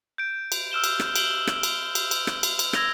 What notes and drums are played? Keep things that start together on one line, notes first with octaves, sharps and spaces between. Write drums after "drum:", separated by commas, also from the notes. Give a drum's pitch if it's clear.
G6 D7
drum: cymbal
E6 F6 E7 G7
drum: cymbal
drum: rim click
D7 F#7 G7, drum: cymbal
drum: rim click
drum: cymbal
drum: cymbal
drum: cymbal
drum: rim click
drum: cymbal
drum: cymbal
E6 G#6 A#6 F7 G7, drum: rim click